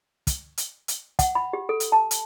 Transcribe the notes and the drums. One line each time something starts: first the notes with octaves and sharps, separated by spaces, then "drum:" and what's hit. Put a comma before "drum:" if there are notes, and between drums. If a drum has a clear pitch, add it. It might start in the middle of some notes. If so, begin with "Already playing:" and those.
drum: kick, hi-hat
drum: hi-hat
drum: hi-hat
F#5, drum: kick, hi-hat
B5
G4
A4
drum: hi-hat
A5
drum: hi-hat